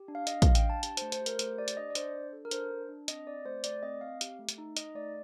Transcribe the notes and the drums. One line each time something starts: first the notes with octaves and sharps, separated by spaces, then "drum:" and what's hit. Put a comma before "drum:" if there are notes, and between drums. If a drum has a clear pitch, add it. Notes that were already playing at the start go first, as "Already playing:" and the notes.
Already playing: G4
D4
F5
D4 D#5, drum: hi-hat
F5, drum: kick, hi-hat
D4
G5, drum: hi-hat
D4 A5
G4 A5, drum: hi-hat
C5, drum: hi-hat
A3
C5, drum: hi-hat
G4
A#4, drum: hi-hat
A3 C5, drum: hi-hat
G4 D5
drum: hi-hat
D4 D#5
D5
D4 C5, drum: hi-hat
D4
A4
A#4
D4 C5, drum: hi-hat
D4
D4
C4 D#5, drum: hi-hat
C4 D5
A3 C5
A3 D5, drum: hi-hat
C4 D#5
C4 F5
G4, drum: hi-hat
A3
drum: hi-hat
D#4
D#4 D#5, drum: hi-hat
A3 D5